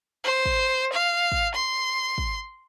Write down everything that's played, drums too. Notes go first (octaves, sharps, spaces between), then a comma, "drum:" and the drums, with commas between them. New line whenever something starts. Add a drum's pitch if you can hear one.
C5
drum: kick
F5
drum: kick
C6
drum: kick